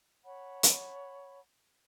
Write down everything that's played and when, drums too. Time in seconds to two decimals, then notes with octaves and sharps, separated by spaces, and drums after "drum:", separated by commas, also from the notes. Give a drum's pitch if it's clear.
0.24 C#5 F#5 A5 B5
0.63 drum: hi-hat